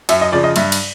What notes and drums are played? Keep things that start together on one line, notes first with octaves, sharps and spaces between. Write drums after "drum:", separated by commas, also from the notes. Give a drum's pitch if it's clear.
F#2 E5, drum: cymbal
D#5
C#3 F3 D5
D#5
G2 E5, drum: cymbal
drum: cymbal